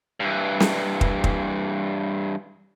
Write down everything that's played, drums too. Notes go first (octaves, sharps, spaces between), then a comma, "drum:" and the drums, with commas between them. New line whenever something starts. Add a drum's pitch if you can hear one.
G2 E3
drum: snare
drum: kick
drum: kick